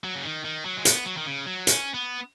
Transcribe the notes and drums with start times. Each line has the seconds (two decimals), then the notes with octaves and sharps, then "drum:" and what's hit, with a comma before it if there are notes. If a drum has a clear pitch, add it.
0.04 F#3
0.16 C#3
0.24 D#3
0.44 D#3
0.65 F#3
0.77 G#3
0.85 B3, drum: hi-hat
1.06 F#3
1.17 D#3
1.26 C#3
1.46 F#3
1.67 C#4, drum: hi-hat
1.94 B3